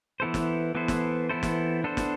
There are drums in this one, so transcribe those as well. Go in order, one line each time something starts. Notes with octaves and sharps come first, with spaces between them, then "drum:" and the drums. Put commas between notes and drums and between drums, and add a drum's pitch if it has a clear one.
E3 B3 E4 A4 C5
drum: snare
E3 B3 E4 A4 C5
drum: snare
E3 B3 E4 A4 C5
drum: snare
B3 D4 A4 C5
drum: snare